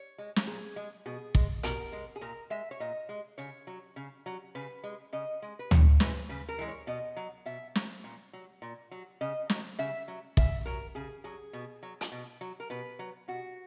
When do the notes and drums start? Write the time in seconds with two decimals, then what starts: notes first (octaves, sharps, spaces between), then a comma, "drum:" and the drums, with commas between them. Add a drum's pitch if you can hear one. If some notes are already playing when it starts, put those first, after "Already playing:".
Already playing: C#5
0.18 G#3
0.36 drum: snare
0.46 A#2 G#4
0.76 G#3
1.06 B2 G#4
1.35 G#3, drum: kick
1.63 B2 A#4, drum: hi-hat
1.92 G#3
2.16 G#4
2.21 A#2 A#4
2.50 G#3 E5
2.71 C#5
2.80 A#2 D#5
3.09 G#3
3.38 C#3 C#5
3.67 F#3
3.96 C#3
4.26 F#3
4.55 C#3 B4
4.84 G#3
5.13 C#3 D#5
5.42 G#3
5.59 B4
5.71 C#3 C#5, drum: tom
6.00 E3 G#3 B4, drum: snare
6.29 C#3 B4
6.49 A#4
6.58 E3 G#3
6.68 C#5
6.87 B2 D#5
7.16 F#3
7.46 B2 E5
7.75 F#3, drum: snare
8.04 A#2
8.33 F#3
8.62 A#2
8.91 F#3
9.21 C#3 D#5
9.50 F#3, drum: snare
9.79 C#3 E5
10.08 F#3
10.37 C#3 E5, drum: kick
10.66 F#3 A#4
10.95 C#3 G#4
11.24 F#3 G#4
11.53 B2
11.83 F#3
12.01 drum: hi-hat
12.12 B2
12.41 F#3
12.60 A#4
12.70 B2 B4
12.99 F#3
13.28 B2 F#4